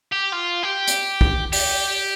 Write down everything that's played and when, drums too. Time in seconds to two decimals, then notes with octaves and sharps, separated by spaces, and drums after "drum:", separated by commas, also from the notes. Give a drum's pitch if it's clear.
0.12 G4
0.33 F4
0.63 G4
0.87 drum: hi-hat
1.21 drum: kick
1.53 G4, drum: open hi-hat